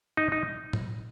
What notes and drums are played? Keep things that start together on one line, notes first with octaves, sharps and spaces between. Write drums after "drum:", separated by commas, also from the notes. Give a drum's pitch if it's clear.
D#4
D#4
drum: tom A2